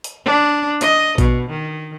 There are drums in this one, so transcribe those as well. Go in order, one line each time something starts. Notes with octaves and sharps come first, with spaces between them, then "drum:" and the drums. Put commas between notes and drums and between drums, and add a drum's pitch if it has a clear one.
drum: hi-hat
D4
D#5, drum: hi-hat
B2, drum: kick A#1, hi-hat
D#3